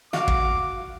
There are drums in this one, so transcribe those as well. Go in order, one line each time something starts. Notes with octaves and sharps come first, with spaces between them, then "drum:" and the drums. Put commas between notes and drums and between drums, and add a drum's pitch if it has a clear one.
F#4 F5 D6, drum: snare
drum: kick